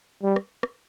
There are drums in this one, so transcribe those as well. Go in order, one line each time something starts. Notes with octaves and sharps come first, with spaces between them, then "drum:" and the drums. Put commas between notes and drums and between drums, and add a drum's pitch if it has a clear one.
G3
drum: rim click
drum: rim click